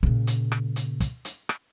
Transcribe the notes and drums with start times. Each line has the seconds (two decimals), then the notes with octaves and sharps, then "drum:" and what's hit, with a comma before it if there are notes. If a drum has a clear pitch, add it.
0.03 A#2 C#3, drum: kick
0.27 drum: hi-hat
0.52 drum: rim click
0.76 drum: hi-hat
1.00 drum: kick, hi-hat
1.25 drum: hi-hat
1.49 drum: rim click